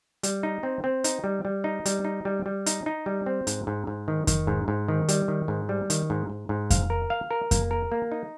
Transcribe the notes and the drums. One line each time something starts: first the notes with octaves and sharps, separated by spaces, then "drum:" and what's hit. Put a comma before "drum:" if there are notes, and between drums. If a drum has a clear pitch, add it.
G3, drum: hi-hat
D#4
C4
C4
D#4, drum: hi-hat
G3
G3
D#4
G3, drum: hi-hat
D#4
G3
G3
D#4, drum: hi-hat
D#4
G3
C4
G#2, drum: hi-hat
G#2
G#2
D#3
D#3, drum: kick F2, hi-hat
G#2
G#2
D#3
G3, drum: hi-hat
D#3
G#2
G3
D#3, drum: hi-hat
G#2
G#2
G#2
F5, drum: kick F2, hi-hat
A#4
F5
A#4
A#3, drum: kick F2, hi-hat
A#4
A#3
D#4